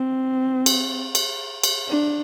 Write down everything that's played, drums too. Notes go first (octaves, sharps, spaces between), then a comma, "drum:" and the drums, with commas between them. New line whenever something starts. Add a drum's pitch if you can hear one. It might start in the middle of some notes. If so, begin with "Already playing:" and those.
Already playing: C4
drum: cymbal
drum: cymbal
drum: cymbal
D4